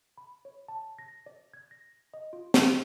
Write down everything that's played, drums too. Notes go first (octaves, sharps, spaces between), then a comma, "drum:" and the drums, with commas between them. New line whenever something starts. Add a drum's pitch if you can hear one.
B5
C#5
A5
A#6
D5
G#6
A#6
D#5
F4
F5, drum: snare